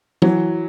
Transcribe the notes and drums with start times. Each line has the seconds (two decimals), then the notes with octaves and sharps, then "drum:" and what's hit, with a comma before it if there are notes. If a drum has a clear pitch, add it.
0.22 E3 F#3, drum: tom E3